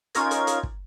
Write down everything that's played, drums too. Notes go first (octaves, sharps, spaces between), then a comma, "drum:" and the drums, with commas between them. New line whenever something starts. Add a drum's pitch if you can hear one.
C#4 D#4 F4 A#4 G#6, drum: hi-hat
drum: hi-hat
drum: hi-hat
drum: kick